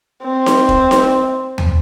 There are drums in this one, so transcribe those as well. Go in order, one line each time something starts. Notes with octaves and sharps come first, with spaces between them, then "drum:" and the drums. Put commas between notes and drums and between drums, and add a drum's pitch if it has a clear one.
C4
drum: snare D#4
drum: kick E1
drum: snare D#4
drum: tom